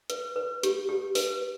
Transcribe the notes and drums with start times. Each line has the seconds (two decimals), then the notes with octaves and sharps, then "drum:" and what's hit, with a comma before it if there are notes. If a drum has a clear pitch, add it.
0.10 B4, drum: hi-hat
0.36 B4
0.63 G4, drum: hi-hat
0.89 G4
1.15 B4, drum: open hi-hat